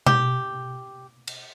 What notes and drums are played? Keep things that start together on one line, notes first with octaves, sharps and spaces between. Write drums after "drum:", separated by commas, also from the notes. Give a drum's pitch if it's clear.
G4, drum: tom B2
drum: cymbal